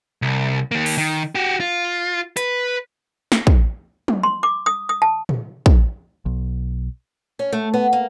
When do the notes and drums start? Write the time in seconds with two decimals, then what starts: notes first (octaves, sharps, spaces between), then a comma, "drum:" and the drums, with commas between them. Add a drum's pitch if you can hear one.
0.22 C2
0.71 D#3 A#3
0.86 drum: open hi-hat
0.98 D#3
1.35 F#4 G4
1.60 F4
2.37 B4, drum: hi-hat
3.32 drum: snare
3.47 drum: kick
4.08 drum: tom
4.23 C6
4.43 D6
4.66 D#6
4.89 D#6
5.02 A5
5.29 drum: tom
5.66 drum: kick
6.26 B1
7.39 C#4
7.52 A3
7.74 B3
7.93 A#3